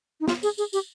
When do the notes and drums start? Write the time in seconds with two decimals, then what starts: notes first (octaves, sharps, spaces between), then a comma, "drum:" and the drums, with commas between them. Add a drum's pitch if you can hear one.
0.21 D#4
0.28 F4, drum: snare
0.43 G#4, drum: tambourine
0.58 G#4, drum: tambourine
0.73 G4, drum: tambourine